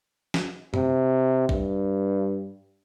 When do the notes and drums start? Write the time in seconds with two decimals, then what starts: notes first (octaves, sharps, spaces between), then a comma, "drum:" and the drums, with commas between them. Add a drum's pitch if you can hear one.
0.34 drum: snare
0.74 C3, drum: tom F#2
1.49 G2, drum: kick A1